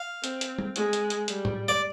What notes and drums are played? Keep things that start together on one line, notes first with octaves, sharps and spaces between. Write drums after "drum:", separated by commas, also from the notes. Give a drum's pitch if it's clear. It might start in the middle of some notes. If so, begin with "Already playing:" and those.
Already playing: F5
C4, drum: hi-hat
drum: hi-hat
drum: tom G3
G#3, drum: hi-hat
drum: hi-hat
drum: hi-hat
G3, drum: hi-hat
drum: tom A2
D5